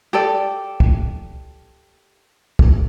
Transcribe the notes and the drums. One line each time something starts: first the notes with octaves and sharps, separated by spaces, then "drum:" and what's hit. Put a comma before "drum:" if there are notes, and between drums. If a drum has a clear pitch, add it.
G4 A4 D5
drum: kick
drum: kick